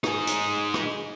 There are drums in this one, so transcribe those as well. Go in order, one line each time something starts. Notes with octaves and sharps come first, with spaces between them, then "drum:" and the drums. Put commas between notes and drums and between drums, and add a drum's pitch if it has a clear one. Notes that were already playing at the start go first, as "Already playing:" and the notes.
D#4 G#4, drum: rim click
drum: hi-hat
drum: rim click